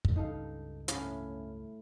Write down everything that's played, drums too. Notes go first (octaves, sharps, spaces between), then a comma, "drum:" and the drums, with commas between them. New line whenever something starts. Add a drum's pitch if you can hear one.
drum: kick
C#2 G2 D#4 A4 F5
A2 C#4 E4 F5, drum: hi-hat